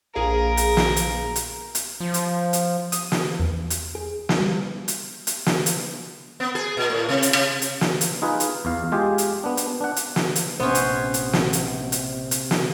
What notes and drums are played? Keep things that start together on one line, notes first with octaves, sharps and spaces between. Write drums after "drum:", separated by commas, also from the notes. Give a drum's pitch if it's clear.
A#1 G#4 A#4 F5
drum: hi-hat
drum: snare
drum: hi-hat
drum: hi-hat
drum: hi-hat
F3
drum: hi-hat
drum: hi-hat
D#6, drum: hi-hat
drum: snare
E2
drum: hi-hat
G#4
drum: snare
G3
drum: hi-hat
drum: hi-hat
drum: snare
drum: hi-hat
B3
G#4
A#2
A2
C3
drum: hi-hat
C3
drum: hi-hat
drum: snare
drum: hi-hat
D#4 F4 G#4 B4
drum: hi-hat
E2 F5
G#3 F4 G4 G#4
drum: hi-hat
B3 D4
drum: hi-hat
D4 F#5
drum: hi-hat
drum: snare
drum: hi-hat
A#1 C3 B3 C#4 C5
drum: hi-hat
drum: hi-hat
drum: snare
drum: hi-hat
drum: hi-hat
drum: hi-hat
drum: snare